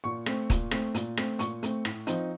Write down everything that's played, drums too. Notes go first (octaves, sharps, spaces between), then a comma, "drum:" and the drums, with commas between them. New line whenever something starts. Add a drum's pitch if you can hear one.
A#2 C#6
A3 C4, drum: rim click
A#2, drum: kick, hi-hat
A3 C4, drum: rim click
A#2, drum: hi-hat
A3 C4, drum: rim click
A#2 C#6, drum: hi-hat
A3 C4, drum: hi-hat
A2, drum: rim click
F3 C4 D#4, drum: hi-hat